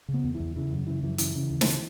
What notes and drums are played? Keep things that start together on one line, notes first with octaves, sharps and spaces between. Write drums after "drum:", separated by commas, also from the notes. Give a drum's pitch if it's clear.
C#3
B3
E2
E3
E2
C#3 E3
F#2
C#3 E3
F#2 E3
C#3 E3, drum: hi-hat
C#3
D#2
drum: snare